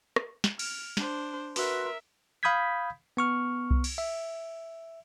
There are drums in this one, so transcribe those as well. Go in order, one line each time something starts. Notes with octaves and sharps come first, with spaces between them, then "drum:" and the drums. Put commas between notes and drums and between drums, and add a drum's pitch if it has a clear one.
drum: rim click
drum: snare
F6, drum: cymbal
D4 C5, drum: snare
F#4 A#4 B4 E5 C6, drum: open hi-hat
F5 B5 D#6 G6 G#6 B6
B3 C#6 F6
drum: kick C2
drum: cymbal
E5